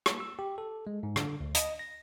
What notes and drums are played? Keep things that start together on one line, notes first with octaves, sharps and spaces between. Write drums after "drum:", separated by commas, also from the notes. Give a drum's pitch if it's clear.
drum: rim click
E6
G4
A4
G#3
G#2
D3, drum: rim click
D2
D#5, drum: hi-hat
A#6